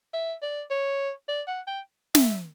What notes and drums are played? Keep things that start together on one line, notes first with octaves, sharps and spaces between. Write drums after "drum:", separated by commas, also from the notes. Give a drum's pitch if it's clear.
E5
D5
C#5
D5
F#5
G5
E5, drum: snare